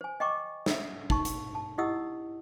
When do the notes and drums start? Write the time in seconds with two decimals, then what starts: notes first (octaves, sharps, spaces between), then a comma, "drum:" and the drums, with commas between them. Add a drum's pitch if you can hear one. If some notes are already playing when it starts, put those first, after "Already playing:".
0.01 C5 G#5
0.20 D#5 G5 A#5 C#6 D6
0.66 A4 E5, drum: snare
1.10 D#4 A5 C#6, drum: kick
1.25 drum: hi-hat
1.55 A5
1.78 E4 G4 D#5 F#5 D#6 E6